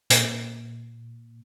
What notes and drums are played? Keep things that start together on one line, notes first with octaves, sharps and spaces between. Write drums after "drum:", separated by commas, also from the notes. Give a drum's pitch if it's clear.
A#2, drum: hi-hat